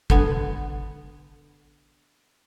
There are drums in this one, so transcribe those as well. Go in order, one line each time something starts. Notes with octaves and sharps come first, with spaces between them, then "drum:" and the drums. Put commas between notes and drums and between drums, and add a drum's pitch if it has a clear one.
D3 B3 G#5, drum: kick